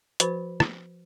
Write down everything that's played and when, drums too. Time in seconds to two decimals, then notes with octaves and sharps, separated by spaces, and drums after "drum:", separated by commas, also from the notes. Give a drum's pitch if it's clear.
0.20 F3 F#4 B4 C5 B5, drum: hi-hat
0.60 drum: rim click